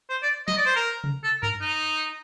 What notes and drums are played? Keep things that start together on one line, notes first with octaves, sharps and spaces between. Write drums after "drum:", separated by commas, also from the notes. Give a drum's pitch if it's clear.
C5
D5
D#5, drum: snare
D5
C5
A#4
drum: tom C3
A4
A#4, drum: tom F#2
D#4